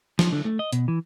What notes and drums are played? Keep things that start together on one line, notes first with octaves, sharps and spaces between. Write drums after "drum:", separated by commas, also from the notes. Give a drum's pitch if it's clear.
F3, drum: snare
D3
A3
D#5
B2, drum: hi-hat
E3